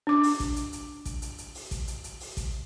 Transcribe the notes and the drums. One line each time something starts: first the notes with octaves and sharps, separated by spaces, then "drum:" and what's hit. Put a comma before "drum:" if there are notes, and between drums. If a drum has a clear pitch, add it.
D4 D6
drum: open hi-hat
drum: kick, hi-hat
drum: hi-hat
drum: hi-hat
drum: kick, hi-hat
drum: hi-hat
drum: hi-hat
drum: open hi-hat
drum: kick, hi-hat
drum: hi-hat
drum: hi-hat
drum: open hi-hat
drum: kick, hi-hat